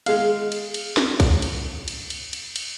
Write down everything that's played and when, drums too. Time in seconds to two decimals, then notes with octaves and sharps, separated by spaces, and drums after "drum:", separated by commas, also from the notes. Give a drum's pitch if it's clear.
0.06 G#3 F5, drum: cymbal
0.52 drum: cymbal
0.74 drum: cymbal
0.97 drum: snare
1.20 drum: kick, cymbal
1.42 drum: cymbal
1.88 drum: cymbal
2.10 drum: cymbal
2.33 drum: cymbal
2.56 drum: cymbal